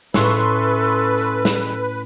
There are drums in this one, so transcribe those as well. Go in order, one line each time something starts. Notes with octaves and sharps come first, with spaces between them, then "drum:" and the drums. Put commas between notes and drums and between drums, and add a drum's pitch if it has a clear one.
A2 C#4 A4 B4 C6 C#6 E6, drum: snare
drum: tambourine
drum: snare